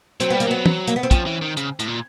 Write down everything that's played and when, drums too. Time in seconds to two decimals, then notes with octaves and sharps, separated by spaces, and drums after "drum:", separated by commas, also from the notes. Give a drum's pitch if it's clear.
0.20 F#3 C4, drum: hi-hat
0.30 G3 B3
0.40 A#3, drum: hi-hat
0.47 F#3 B3
0.66 drum: tom
0.88 A#3, drum: hi-hat
0.96 B3
1.03 C4
1.11 F3 C#4, drum: kick, hi-hat
1.26 E3
1.41 D#3
1.57 C#3, drum: hi-hat
1.80 A2, drum: hi-hat
1.88 A#2